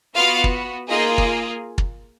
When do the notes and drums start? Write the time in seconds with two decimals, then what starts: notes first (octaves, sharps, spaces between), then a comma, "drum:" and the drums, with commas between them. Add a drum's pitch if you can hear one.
0.15 B3 F4 F#4 F5
0.44 drum: kick
0.89 A#3 D#4 F4 G#4 D#5
1.18 drum: kick
1.78 drum: kick